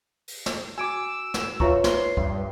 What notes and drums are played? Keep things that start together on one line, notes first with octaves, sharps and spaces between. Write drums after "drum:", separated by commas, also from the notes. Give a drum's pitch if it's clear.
drum: open hi-hat
drum: snare
F#4 G#5 D6 E6 D7
drum: snare
F4 B4 C#5 E5 A#5 C#6, drum: kick
C6, drum: snare
G2, drum: kick